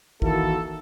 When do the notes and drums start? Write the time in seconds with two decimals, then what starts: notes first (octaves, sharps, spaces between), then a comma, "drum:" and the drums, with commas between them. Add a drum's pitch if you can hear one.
0.22 D#3 E3 A#3 E4 F#4 A4, drum: kick